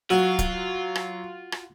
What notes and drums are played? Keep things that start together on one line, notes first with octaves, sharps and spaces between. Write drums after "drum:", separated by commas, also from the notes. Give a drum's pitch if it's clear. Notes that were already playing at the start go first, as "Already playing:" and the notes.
F#3 F4 F#4
drum: kick C#1, hi-hat
drum: rim click
drum: rim click